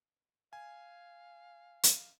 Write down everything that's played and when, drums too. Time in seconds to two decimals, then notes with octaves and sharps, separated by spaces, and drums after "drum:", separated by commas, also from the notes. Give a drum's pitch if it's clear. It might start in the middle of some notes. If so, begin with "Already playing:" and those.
0.53 F5 G#5
1.83 drum: hi-hat